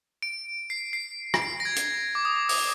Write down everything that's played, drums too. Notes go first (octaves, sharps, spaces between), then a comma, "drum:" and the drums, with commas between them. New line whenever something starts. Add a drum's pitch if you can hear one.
D7
C7
C7
D7, drum: rim click
C7
A#6
G#6
drum: hi-hat
D6
D#6
D6
D#6, drum: open hi-hat